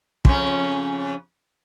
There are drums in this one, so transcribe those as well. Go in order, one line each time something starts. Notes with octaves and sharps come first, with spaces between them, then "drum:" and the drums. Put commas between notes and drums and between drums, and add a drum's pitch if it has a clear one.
F2 C#3 C#4, drum: kick